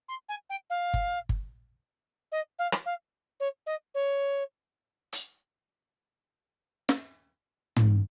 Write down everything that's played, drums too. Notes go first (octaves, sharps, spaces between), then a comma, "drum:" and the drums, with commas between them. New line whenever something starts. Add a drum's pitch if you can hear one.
C6
G#5
G5
F5
drum: kick G1
drum: kick G1
D#5
F5
drum: rim click
F5
C#5
D#5
C#5
drum: hi-hat
drum: snare
drum: tom